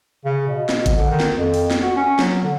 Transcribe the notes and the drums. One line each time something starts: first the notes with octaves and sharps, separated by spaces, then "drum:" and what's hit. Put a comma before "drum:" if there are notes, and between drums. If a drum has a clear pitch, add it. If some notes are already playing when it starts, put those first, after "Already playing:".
C#3
B2
drum: snare
drum: kick, hi-hat
D3
D#3
drum: snare
F2
drum: open hi-hat
drum: snare
F#4
C#4
F#3, drum: snare
D3